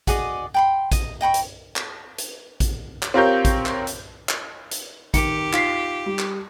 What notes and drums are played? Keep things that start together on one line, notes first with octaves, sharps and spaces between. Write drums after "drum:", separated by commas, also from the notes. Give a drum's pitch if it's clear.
F#4 G#4 D5 D#5, drum: kick A1, hi-hat
G5 B5 C6
D#5, drum: kick A1, hi-hat
D#5 G5 B5 C#6
drum: hi-hat
drum: clap
drum: hi-hat
drum: kick A1, hi-hat
drum: clap
C4 F4 G4 A#4 C#5 G6
drum: kick A1, hi-hat
drum: clap
drum: hi-hat
drum: clap
drum: hi-hat
D#3 G4 C#7, drum: kick A1, hi-hat
D#4 F4 B6 C7, drum: clap
G3
drum: clap